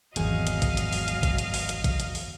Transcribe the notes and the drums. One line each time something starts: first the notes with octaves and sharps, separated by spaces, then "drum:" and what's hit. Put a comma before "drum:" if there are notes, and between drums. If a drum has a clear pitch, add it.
D1 G#1 E2 F#3 G#4 D#5 F5 G#5, drum: hi-hat
drum: hi-hat
drum: kick A1, hi-hat
drum: hi-hat
drum: open hi-hat
drum: hi-hat
drum: kick A1, hi-hat
drum: hi-hat
drum: open hi-hat
drum: hi-hat
drum: kick A1, hi-hat
drum: hi-hat
drum: open hi-hat